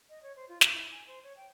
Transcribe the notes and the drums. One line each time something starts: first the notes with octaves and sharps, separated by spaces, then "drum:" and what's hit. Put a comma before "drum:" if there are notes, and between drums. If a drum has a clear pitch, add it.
D#5
C#5
C5
F4
F#6, drum: snare
E4
G#5
C5
C#5
G5